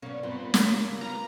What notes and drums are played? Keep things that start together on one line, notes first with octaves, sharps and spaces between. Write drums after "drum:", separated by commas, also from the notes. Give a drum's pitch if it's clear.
B2 A#3 C#4 D4
G2 A#2 B3 C4
C#3 A#3, drum: snare
B3 F4 A#5